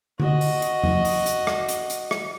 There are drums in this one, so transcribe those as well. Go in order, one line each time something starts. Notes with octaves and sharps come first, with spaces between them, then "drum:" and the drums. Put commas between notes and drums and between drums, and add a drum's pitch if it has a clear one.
F#4 D#5, drum: tom D3
drum: open hi-hat
drum: hi-hat
drum: tom E2
drum: open hi-hat
drum: hi-hat
drum: rim click
drum: hi-hat
drum: hi-hat
drum: rim click